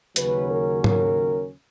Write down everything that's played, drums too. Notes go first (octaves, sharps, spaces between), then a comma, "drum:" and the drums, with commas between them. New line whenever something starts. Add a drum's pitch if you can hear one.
D#2 C#3 F#3 C#4 B4, drum: hi-hat
A#4
A#4, drum: tom G#2